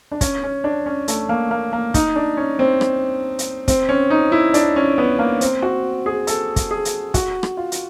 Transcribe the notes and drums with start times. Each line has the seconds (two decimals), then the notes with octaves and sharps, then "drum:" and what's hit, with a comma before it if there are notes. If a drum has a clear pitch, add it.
0.12 D4
0.21 C#4, drum: kick, hi-hat
0.43 C#4
0.64 D4
0.86 C#4
1.08 A3, drum: hi-hat
1.29 A#3
1.51 A#3
1.73 A#3
1.94 D#4, drum: kick, hi-hat
2.16 D4
2.37 C#4
2.59 C4
2.81 drum: rim click
3.39 drum: hi-hat
3.68 C4, drum: kick, hi-hat
3.89 C#4
4.10 D#4
4.32 E4
4.54 D4, drum: hi-hat
4.76 C#4
4.98 B3
5.19 A#3
5.41 C4, drum: hi-hat
5.62 F#4
6.06 G#4
6.27 A4, drum: hi-hat
6.56 drum: kick, hi-hat
6.71 G#4
6.85 drum: hi-hat
7.14 F#4, drum: kick, hi-hat
7.43 drum: rim click
7.57 F4
7.72 drum: hi-hat